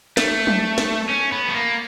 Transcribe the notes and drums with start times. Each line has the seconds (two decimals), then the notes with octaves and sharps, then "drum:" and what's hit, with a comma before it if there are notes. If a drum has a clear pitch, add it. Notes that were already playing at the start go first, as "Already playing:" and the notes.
0.17 A3, drum: snare
0.47 drum: tom
0.78 drum: snare
1.09 C#4
1.32 B3
1.49 A3
1.54 A#3